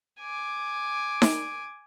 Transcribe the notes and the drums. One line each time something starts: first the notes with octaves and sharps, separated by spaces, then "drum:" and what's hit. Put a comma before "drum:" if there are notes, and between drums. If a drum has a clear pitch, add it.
G#5 D6
drum: snare D#4